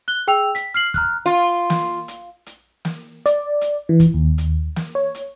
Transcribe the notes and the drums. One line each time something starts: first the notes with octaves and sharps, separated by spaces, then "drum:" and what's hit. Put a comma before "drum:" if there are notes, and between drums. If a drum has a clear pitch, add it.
F#6 G7
G#4 G5 E6 F7
B6, drum: hi-hat
F6 C7 F#7
A#5 F6 F#6, drum: kick
F4
drum: snare
drum: hi-hat
drum: hi-hat
drum: snare
D5, drum: hi-hat
drum: hi-hat
E3
drum: kick, hi-hat
D#2
drum: hi-hat
drum: snare
C#5
drum: hi-hat